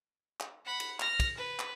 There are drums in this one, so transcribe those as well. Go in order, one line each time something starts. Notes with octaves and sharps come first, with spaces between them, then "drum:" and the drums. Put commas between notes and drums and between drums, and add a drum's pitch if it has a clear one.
drum: clap
F#5 B5
drum: cymbal
F6 A#6, drum: clap
drum: kick, cymbal
B4
drum: clap